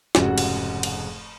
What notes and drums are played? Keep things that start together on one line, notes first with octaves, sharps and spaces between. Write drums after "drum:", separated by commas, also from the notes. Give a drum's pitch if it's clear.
F1 G#2 C#3 F#4 F#5, drum: snare
drum: cymbal
drum: cymbal